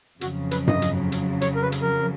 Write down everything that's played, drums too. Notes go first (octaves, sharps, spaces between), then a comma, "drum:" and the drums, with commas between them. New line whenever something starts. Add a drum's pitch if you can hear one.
F2 C#3 F#3 F#4, drum: hi-hat
B4, drum: hi-hat
D#5, drum: tom G2
drum: hi-hat
drum: hi-hat
C#5, drum: hi-hat
A#4
B4
drum: hi-hat
A#4